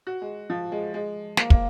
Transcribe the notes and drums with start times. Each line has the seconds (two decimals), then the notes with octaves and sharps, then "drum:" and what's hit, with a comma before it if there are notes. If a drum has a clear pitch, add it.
0.07 F#4
0.22 G#3
0.50 F3
0.72 G#3
0.94 G#3
1.37 A#3, drum: snare
1.50 A#3, drum: kick